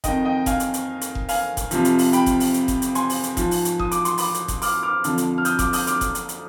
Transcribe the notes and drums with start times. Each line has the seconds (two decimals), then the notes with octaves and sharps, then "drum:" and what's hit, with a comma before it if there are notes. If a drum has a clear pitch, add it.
0.04 F2 D#3 D#5 G5, drum: kick F1, hi-hat
0.25 D#5 G5
0.37 G5
0.46 F5 G#5, drum: kick F1, hi-hat
0.60 drum: hi-hat
0.74 drum: hi-hat
1.01 drum: hi-hat
1.15 drum: kick F1
1.29 F5 G#5, drum: open hi-hat
1.57 drum: kick F1, hi-hat
1.71 F2 C3 F3, drum: hi-hat
1.85 drum: hi-hat
1.99 drum: open hi-hat
2.13 G5 B5, drum: hi-hat
2.26 drum: kick F1, hi-hat
2.40 drum: open hi-hat
2.54 drum: hi-hat
2.68 drum: kick F1, hi-hat
2.82 drum: hi-hat
2.95 G#5 C6, drum: hi-hat
3.10 drum: open hi-hat
3.23 drum: hi-hat
3.37 G#2 F3, drum: kick F1, hi-hat
3.51 drum: open hi-hat
3.65 drum: hi-hat
3.79 D#6, drum: kick F1
3.91 D6, drum: hi-hat
4.05 C6, drum: hi-hat
4.18 B5 D6, drum: open hi-hat
4.34 drum: hi-hat
4.48 drum: kick F1, hi-hat
4.62 D6 F6, drum: open hi-hat
4.83 D6 F6
5.04 F2 D3 F3, drum: hi-hat
5.18 drum: hi-hat
5.38 F6
5.45 D#6 G6, drum: hi-hat
5.59 D6 F6, drum: kick F1, hi-hat
5.73 D#6 G6, drum: open hi-hat
5.87 D6 F6, drum: hi-hat
6.01 drum: kick F1, hi-hat
6.15 drum: hi-hat
6.29 drum: hi-hat